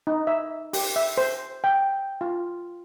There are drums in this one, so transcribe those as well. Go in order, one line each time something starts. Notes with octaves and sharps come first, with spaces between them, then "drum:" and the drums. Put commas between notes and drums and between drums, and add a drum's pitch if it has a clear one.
D#4
E5
G4, drum: open hi-hat
E5
C5
G5
F4